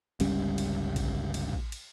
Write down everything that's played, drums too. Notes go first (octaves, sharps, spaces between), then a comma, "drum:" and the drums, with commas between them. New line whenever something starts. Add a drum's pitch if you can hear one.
G1 C#2 G3 C#4, drum: cymbal
drum: cymbal
drum: kick, cymbal
drum: cymbal
drum: kick
drum: cymbal